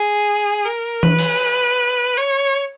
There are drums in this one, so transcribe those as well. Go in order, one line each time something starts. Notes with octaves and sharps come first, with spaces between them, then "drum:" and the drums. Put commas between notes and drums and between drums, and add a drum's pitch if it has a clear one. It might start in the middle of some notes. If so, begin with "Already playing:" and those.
Already playing: G#4
A#4
B4, drum: tom E3
drum: cymbal
C#5